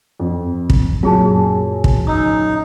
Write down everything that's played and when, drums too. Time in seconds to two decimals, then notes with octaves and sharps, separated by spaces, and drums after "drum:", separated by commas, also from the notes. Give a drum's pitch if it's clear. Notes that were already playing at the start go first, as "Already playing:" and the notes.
0.20 F2
0.70 drum: kick
1.03 F#2 A#2 F4 G#4 A5
1.84 drum: kick
2.07 D#4 D#6 E6